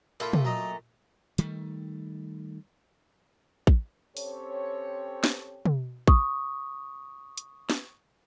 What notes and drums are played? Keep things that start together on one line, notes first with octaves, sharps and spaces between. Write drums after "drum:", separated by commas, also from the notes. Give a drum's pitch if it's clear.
A#2 A3 A#3 E4 F4
drum: tom
F#3 D#5 A#5
D#3 G3 A3, drum: hi-hat
drum: kick
C4 C#4 G4 A4 C5 C#5, drum: open hi-hat
drum: snare
drum: tom
C#6 D#6, drum: kick
drum: hi-hat
drum: snare